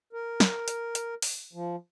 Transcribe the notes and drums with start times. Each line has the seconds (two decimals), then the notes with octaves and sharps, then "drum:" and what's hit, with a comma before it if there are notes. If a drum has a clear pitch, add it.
0.13 A#4
0.40 drum: snare
0.68 drum: hi-hat
0.95 drum: hi-hat
1.22 drum: open hi-hat
1.53 F3